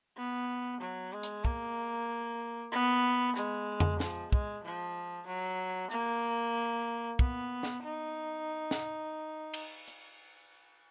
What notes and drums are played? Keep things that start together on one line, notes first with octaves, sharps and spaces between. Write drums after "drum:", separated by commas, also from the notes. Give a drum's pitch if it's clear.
B3
F#3
G#3
drum: hi-hat
A#3, drum: kick
B3
G#3, drum: hi-hat
drum: tom F2
F3, drum: snare
G#3, drum: kick
F3
F#3
A#3, drum: hi-hat
B3, drum: kick
drum: snare
D#4
drum: snare
drum: cymbal
drum: hi-hat